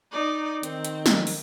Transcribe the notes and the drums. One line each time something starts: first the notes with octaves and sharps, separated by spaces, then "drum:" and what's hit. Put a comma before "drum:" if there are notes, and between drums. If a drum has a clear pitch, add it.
D#4 D5
D#3 C4, drum: hi-hat
drum: hi-hat
drum: snare
drum: open hi-hat